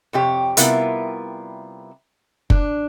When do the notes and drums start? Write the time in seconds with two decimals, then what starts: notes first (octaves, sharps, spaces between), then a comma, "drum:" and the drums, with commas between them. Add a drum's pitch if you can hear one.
0.13 F2 C3 G4 C#5
0.57 C3 G3 B3 E4 F4 A#4, drum: hi-hat
2.50 D4, drum: kick F#1